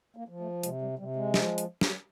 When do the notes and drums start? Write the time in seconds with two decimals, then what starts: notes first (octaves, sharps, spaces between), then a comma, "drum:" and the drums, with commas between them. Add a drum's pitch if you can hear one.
0.16 A#3
0.28 F3
0.40 A3
0.63 C3 G#3, drum: hi-hat
0.82 G3
0.99 C3 G3
1.16 G#3
1.34 F3, drum: snare
1.58 drum: hi-hat
1.81 drum: snare